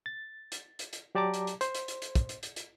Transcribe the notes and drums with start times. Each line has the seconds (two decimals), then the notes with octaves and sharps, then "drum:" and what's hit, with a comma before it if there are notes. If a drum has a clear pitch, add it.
0.06 A6
0.52 drum: hi-hat
0.79 drum: hi-hat
0.93 drum: hi-hat
1.15 F#3 G4 D5 A5 A#5 D6
1.34 drum: hi-hat
1.47 drum: hi-hat
1.61 C5, drum: hi-hat
1.75 drum: hi-hat
1.88 drum: hi-hat
2.02 drum: hi-hat
2.15 drum: kick, hi-hat
2.29 drum: hi-hat
2.43 drum: hi-hat
2.56 drum: hi-hat